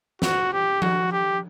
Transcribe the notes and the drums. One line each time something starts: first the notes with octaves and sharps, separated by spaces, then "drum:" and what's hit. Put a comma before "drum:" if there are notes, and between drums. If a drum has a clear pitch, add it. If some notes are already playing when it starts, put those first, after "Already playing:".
F#4, drum: snare
G4
F#4, drum: tom F3
G4